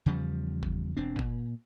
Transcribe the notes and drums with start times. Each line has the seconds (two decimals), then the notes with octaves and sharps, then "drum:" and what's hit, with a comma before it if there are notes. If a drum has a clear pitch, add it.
0.06 E2 C#3 F3 G3
0.63 drum: kick G1
0.97 E1 C4 D4
1.19 A#2, drum: kick G1